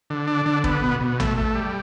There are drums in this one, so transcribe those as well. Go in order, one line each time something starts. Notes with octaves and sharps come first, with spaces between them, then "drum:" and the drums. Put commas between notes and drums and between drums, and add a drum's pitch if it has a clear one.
D3
D4
D3
B3, drum: kick
B2
B2
A3, drum: tom A1
A3
G3